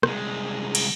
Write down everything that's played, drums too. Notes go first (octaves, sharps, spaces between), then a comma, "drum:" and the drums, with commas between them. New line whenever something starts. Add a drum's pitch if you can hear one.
C2 G#3, drum: rim click
drum: cymbal